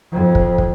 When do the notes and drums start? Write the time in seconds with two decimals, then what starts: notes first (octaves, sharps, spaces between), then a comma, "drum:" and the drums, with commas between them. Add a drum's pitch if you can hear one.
0.12 F2
0.35 drum: kick
0.58 drum: kick